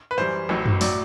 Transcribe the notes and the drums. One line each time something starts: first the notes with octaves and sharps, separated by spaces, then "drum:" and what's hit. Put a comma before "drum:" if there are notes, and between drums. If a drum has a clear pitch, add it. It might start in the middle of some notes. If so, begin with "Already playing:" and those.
B4
F#2 E3 G3 C5
A1 A2 F#3
drum: tom F#2
A2 F#3 D5, drum: open hi-hat